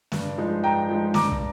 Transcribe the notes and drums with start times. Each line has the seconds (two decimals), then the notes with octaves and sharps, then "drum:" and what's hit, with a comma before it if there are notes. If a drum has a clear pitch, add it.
0.12 G2, drum: snare
0.38 F3 G#3 D#4
0.63 G2 G5 A#5
0.89 F3 G#3 D#4
1.14 G2 A#5 D6, drum: snare
1.31 drum: kick